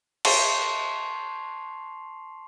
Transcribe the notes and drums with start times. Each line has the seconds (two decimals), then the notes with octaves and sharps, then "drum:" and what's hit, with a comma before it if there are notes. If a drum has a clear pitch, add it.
0.25 A5 C6 C#6 C7 F7, drum: cymbal